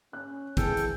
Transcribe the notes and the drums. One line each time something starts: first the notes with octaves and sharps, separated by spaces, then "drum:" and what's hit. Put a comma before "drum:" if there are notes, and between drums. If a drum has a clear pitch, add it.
C#4 F#6
E3 G#4 A4 G5, drum: kick, hi-hat
drum: hi-hat